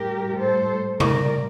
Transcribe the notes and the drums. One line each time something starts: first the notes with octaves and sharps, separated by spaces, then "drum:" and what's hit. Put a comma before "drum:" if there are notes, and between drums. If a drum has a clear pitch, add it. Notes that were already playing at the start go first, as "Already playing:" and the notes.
Already playing: A2 G3 G4 A#4
A4 C5
A2 G3 A#4 D5, drum: tom C3